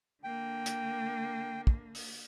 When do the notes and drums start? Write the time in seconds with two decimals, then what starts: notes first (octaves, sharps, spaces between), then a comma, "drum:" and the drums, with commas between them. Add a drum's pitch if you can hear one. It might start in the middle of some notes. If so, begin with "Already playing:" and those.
0.24 D3 A#3 G5
0.66 drum: hi-hat
1.67 drum: kick
1.95 drum: open hi-hat